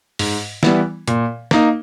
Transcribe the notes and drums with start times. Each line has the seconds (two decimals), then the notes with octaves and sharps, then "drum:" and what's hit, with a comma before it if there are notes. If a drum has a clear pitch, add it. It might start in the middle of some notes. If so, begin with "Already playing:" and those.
0.19 G#2, drum: open hi-hat
0.63 E3 G3 B3 E4, drum: snare
1.08 A#2, drum: hi-hat
1.51 A#3 D#4, drum: snare